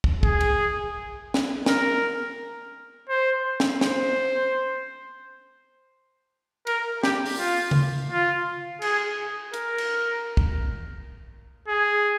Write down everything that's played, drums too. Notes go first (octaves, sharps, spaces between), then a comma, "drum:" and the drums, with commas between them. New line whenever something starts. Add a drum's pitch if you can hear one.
drum: kick
G#4, drum: kick
drum: cymbal
drum: snare
A#4, drum: snare
C5
drum: snare
C5, drum: snare
A#4, drum: cymbal
G4, drum: snare
drum: open hi-hat
F4
drum: tom C#3
F4
G#4, drum: cymbal
A#4, drum: hi-hat
drum: cymbal
drum: kick
G#4